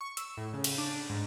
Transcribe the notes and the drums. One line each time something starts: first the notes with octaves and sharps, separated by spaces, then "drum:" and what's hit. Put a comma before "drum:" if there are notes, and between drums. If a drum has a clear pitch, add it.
C#6
E6, drum: hi-hat
A2
C#3
drum: cymbal
D4
G#2